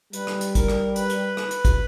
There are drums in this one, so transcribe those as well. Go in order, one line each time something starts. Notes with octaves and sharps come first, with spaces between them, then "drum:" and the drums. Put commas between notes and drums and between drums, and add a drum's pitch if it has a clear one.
G3 B4, drum: hi-hat
drum: rim click
drum: hi-hat
A#4, drum: kick, hi-hat
drum: rim click
B4, drum: hi-hat
drum: hi-hat
drum: rim click
drum: hi-hat
drum: kick, hi-hat